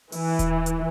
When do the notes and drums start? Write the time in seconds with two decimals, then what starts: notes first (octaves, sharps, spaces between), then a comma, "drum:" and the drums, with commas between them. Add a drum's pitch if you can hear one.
0.12 E3, drum: open hi-hat
0.39 drum: kick D#1, hi-hat
0.66 drum: hi-hat